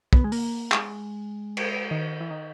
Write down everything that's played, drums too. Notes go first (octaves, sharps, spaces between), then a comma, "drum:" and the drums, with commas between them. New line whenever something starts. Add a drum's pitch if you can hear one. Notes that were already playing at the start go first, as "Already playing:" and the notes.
B3, drum: kick
G#3
A#3, drum: open hi-hat
G#3, drum: clap
drum: cymbal
D#3
E3
D#3